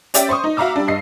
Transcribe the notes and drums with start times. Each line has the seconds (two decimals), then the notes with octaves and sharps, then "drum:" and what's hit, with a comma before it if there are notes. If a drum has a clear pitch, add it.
0.14 C#4 G4 D5 E5 G5, drum: hi-hat
0.29 C5 C6 C#6 D#6
0.44 D#4
0.57 F#4 E5 F5 A#5 D6 E6
0.76 G3 D4
0.88 G2 D#5 C7